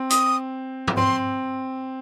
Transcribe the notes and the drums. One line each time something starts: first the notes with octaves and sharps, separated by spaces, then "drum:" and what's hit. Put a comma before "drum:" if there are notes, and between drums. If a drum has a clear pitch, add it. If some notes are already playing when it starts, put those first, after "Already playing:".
Already playing: C4
D#6, drum: hi-hat
drum: tom G#2
C4 C6